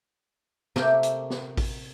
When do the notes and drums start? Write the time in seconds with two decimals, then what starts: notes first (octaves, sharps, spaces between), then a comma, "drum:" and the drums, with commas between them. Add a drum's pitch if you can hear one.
0.76 C3 A3 A#3 G4 E5, drum: snare
1.03 drum: hi-hat
1.30 drum: snare
1.57 drum: kick A1, open hi-hat